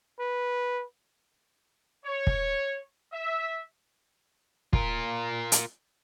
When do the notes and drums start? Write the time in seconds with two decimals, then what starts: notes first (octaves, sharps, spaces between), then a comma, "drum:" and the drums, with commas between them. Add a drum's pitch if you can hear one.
0.19 B4
2.05 C#5
2.27 drum: kick
3.12 E5
4.73 F4 A#4, drum: kick
5.52 drum: hi-hat